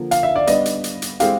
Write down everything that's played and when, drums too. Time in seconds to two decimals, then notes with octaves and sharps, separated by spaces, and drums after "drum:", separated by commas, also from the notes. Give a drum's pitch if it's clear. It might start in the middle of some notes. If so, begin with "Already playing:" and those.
Already playing: D3 F3 A#3
0.11 F5, drum: hi-hat
0.23 E5
0.35 D5
0.47 G3 B3 D4 D#5, drum: hi-hat
0.66 drum: hi-hat
0.84 drum: hi-hat
1.02 drum: hi-hat
1.20 G#3 C4 E4 G4 F5, drum: hi-hat